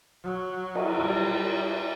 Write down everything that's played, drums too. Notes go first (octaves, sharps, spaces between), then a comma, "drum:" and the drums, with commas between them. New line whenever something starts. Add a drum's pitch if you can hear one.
F#3
drum: cymbal
G3